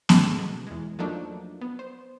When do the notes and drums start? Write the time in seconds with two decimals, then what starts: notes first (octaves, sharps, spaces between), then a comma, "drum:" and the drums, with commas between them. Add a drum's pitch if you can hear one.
0.09 G#2 F#3 G#3 A3, drum: snare B3
0.38 B2
0.67 E2 G#3
0.99 F3 F#3 A3 A#3 D4 D#4
1.61 B3
1.79 C5